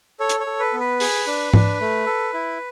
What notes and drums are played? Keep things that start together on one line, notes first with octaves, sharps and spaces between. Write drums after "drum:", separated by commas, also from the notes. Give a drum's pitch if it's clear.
A4 C#5
drum: hi-hat
C#5
A4
B4
B3
B4
G#4, drum: open hi-hat
D4
D4, drum: tom G#2
A3
A4
E4